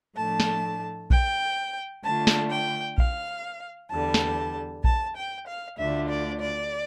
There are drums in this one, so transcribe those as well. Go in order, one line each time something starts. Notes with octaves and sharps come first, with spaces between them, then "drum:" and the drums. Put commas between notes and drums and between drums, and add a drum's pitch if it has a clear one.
A2 F3 A3 D4 A5
drum: snare
G5, drum: kick A#1
D3 A3 D4 F4 A5
drum: snare
G5
F5, drum: kick A#1
E2 D3 G3 A5
drum: snare
A5, drum: kick A#1
G5
F5
D2 D3 A3 D4 F4 E5
D5
D5